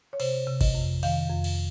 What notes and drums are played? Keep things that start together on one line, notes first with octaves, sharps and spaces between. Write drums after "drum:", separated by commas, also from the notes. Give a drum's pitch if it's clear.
C#5
C3 C5, drum: cymbal
C3
D#5, drum: kick G#1, cymbal
F2
D#3 F5, drum: cymbal
F2
drum: cymbal